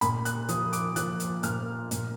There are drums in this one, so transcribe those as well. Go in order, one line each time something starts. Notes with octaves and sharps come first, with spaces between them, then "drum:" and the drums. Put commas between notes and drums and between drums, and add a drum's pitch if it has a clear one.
A#2 B5, drum: hi-hat
F#6, drum: hi-hat
F3 D#6, drum: hi-hat
D6, drum: hi-hat
F3 F#6, drum: hi-hat
drum: hi-hat
A#2 F6, drum: hi-hat
A#2, drum: hi-hat